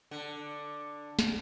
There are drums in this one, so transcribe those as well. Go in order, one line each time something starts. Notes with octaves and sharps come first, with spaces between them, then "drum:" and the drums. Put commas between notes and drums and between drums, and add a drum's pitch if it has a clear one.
D3
drum: snare